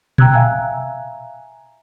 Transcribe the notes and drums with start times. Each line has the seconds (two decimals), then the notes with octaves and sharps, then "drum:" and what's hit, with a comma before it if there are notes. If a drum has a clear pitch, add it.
0.18 G5 A#5 E6 F#6 G#6, drum: tom A#2
0.33 E5 F5 G#5 A#5